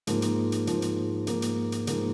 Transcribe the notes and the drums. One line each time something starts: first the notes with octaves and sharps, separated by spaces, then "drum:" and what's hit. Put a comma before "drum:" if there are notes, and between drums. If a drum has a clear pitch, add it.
G#2 F3 A#3, drum: hi-hat
drum: hi-hat
drum: hi-hat
G#2 F3 A#3, drum: hi-hat
drum: hi-hat
G#2 F3 A#3, drum: hi-hat
drum: hi-hat
drum: hi-hat
G#2 F3 A#3, drum: hi-hat